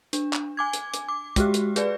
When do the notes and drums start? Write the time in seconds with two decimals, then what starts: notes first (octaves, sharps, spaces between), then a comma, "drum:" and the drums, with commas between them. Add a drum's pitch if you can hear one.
0.13 D4, drum: hi-hat
0.33 drum: clap
0.57 G#5 D6 G#6
0.73 drum: hi-hat
0.94 drum: hi-hat
1.09 D6
1.36 G#3 F#4 G4, drum: kick, hi-hat
1.54 drum: hi-hat
1.76 G#4 B4 D5, drum: hi-hat